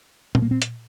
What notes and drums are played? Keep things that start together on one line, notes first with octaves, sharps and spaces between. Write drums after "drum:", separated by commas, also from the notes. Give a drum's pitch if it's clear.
C4, drum: tom A#2
A#3
C4
drum: hi-hat